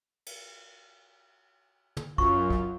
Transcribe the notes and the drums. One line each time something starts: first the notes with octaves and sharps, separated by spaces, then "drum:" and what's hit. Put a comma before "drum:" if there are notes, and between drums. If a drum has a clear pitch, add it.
drum: cymbal
drum: tom
F#2 F4 C#6, drum: kick
drum: kick